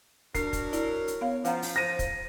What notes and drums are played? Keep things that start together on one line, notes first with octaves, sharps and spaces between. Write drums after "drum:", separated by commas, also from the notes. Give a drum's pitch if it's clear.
F#3 D4 A#4 C7, drum: kick, hi-hat
drum: kick, hi-hat
E4 D5, drum: hi-hat
drum: hi-hat
B3 C#5 F5
F3 C#4 F5 F#5 A#5, drum: hi-hat
drum: open hi-hat
C5 A#6 D#7
drum: kick, hi-hat